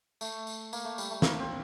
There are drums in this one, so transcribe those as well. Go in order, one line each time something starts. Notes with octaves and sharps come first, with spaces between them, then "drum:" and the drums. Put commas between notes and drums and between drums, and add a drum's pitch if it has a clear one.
A3, drum: tambourine
drum: tambourine
A#3, drum: tambourine
A3
G3, drum: tambourine
A3
A#3, drum: snare
C4